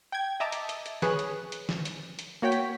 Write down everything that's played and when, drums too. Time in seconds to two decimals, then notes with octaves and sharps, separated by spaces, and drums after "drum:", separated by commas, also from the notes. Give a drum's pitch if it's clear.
0.12 G5 G#6
0.40 D#5 E5 A5 A#5 D6
0.52 drum: hi-hat
0.69 drum: hi-hat
0.86 drum: hi-hat
1.02 G#4 B4 C#5 F#6, drum: snare
1.19 drum: hi-hat
1.52 drum: hi-hat
1.69 drum: snare
1.85 drum: hi-hat
2.19 drum: hi-hat
2.42 A#3 F#4 C#5 G5 B6
2.52 drum: hi-hat